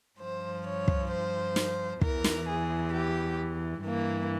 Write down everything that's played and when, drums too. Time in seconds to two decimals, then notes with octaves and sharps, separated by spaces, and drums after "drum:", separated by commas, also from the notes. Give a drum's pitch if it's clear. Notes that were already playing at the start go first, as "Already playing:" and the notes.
0.19 G2 F3 C5
0.65 C#5
0.88 drum: kick
1.10 C5
1.56 drum: snare
2.01 E2 E3 A#4, drum: kick
2.24 drum: snare
2.47 G#4
2.93 G4
3.83 G2 E3 A#3